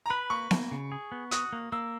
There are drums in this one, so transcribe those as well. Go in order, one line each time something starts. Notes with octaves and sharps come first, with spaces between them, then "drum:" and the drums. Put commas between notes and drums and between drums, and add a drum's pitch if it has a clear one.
A#5
B4 B5
A#3 C#6
A#3, drum: snare B3
C#3
G#4
B3
F#4 D#6, drum: hi-hat
A#3
A#3 E6